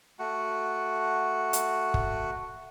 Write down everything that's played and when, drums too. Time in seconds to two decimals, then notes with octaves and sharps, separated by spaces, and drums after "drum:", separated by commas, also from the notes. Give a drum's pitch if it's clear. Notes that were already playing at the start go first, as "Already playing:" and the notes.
0.19 A3 F#4 F#5
1.53 drum: hi-hat
1.94 drum: kick